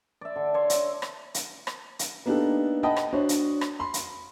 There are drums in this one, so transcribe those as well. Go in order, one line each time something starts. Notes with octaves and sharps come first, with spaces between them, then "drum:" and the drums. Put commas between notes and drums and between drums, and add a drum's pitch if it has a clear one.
D5 E5
D3
C#5 D5 E5 C6
drum: hi-hat
drum: rim click
drum: hi-hat
drum: rim click
drum: hi-hat
A#3 B3 D4 D#4 G4 A4
D#5 F#5 G5 A5 B5 D#6
drum: rim click
D4 F#4 C5 C#5
drum: hi-hat
drum: rim click
B5 C6
drum: hi-hat